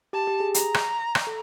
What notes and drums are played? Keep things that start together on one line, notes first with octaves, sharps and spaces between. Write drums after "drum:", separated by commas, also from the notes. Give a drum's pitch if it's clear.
G4 A5
G4
G#4
A#5, drum: hi-hat
drum: rim click
drum: rim click
A4